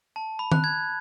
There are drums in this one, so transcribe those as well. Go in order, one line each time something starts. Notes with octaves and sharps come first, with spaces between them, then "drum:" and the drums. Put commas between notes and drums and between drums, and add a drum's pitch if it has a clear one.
A5
B5
F#6, drum: tom D#3
G#6